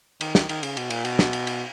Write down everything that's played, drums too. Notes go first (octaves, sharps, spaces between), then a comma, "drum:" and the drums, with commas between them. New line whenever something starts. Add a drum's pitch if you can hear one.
D#3, drum: cymbal
drum: snare
D#3, drum: cymbal
C#3, drum: cymbal
B2, drum: cymbal
A#2, drum: cymbal
B2, drum: cymbal
drum: snare
drum: cymbal
drum: cymbal